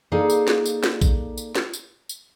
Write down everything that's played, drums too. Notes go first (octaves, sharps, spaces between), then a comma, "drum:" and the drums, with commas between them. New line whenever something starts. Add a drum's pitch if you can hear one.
A#3 D#4 G#4 A4 D5 F5
drum: tambourine
drum: snare
drum: tambourine
drum: snare
drum: kick A#1, tambourine
drum: tambourine
drum: snare
drum: tambourine
drum: tambourine